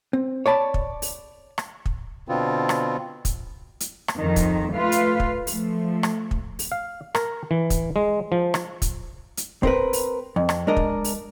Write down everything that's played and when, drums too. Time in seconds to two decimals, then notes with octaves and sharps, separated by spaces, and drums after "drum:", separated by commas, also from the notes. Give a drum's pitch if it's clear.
0.13 C4
0.46 C#5 D5 A5 B5
0.74 drum: kick
1.02 drum: open hi-hat
1.58 drum: rim click
1.86 drum: kick
2.29 B2 D3 B3 C4 F4
2.69 drum: rim click
3.25 drum: kick, hi-hat
3.80 drum: hi-hat
4.08 drum: rim click
4.18 F2 D#3
4.36 drum: kick, hi-hat
4.74 A3 F4 B4 F5
4.92 drum: hi-hat
5.20 drum: kick
5.47 F3 A3, drum: open hi-hat
6.03 drum: rim click
6.31 drum: kick
6.59 drum: open hi-hat
6.72 F5
7.15 A#4, drum: rim click
7.51 E3
7.70 drum: kick, hi-hat
7.96 G#3
8.32 F3
8.54 drum: rim click
8.82 drum: kick, hi-hat
9.37 drum: hi-hat
9.63 C4 A#4 B4, drum: kick
9.93 drum: open hi-hat
10.36 F2
10.49 drum: rim click
10.67 G#3 D4 A#4 D#5
10.77 drum: kick
11.04 drum: open hi-hat